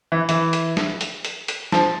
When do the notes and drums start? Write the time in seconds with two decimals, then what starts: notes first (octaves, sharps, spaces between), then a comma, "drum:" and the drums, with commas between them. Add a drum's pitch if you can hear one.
0.12 E3
0.29 E3, drum: hi-hat
0.53 drum: hi-hat
0.77 drum: snare
1.01 drum: hi-hat
1.25 drum: hi-hat
1.48 drum: hi-hat
1.72 F3, drum: snare